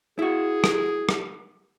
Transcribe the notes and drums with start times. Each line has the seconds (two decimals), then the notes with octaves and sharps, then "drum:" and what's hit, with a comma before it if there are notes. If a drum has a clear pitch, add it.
0.19 E4 F#4 G#4
0.64 drum: rim click
1.09 drum: rim click